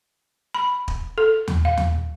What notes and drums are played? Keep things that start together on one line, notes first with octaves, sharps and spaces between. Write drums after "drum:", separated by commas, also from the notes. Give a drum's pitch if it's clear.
B5
drum: kick
A4
drum: tom D#2
F5
drum: tom D#2